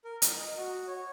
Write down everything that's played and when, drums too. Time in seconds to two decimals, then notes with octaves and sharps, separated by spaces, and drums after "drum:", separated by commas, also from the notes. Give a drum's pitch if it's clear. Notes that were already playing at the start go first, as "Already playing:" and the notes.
0.05 A#4
0.22 A#5, drum: hi-hat
0.35 D#5
0.57 F#4
0.88 C#5